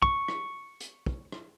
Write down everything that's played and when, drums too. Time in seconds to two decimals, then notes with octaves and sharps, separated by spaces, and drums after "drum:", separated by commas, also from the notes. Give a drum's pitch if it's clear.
0.02 C#6, drum: kick
0.28 drum: rim click
0.80 drum: hi-hat
1.06 drum: kick
1.32 drum: rim click